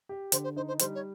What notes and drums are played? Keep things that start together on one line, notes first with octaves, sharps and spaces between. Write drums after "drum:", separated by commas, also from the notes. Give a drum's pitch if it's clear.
G4
D3 C5, drum: hi-hat
C5
D#4 C5
C5
G3 C5, drum: hi-hat
C#5